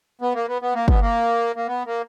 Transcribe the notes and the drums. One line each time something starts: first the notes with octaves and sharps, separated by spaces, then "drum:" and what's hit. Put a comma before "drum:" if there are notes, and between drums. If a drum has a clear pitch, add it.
B3
A#3
B3
B3
A#3
B3, drum: kick
A#3
A#3
B3
A#3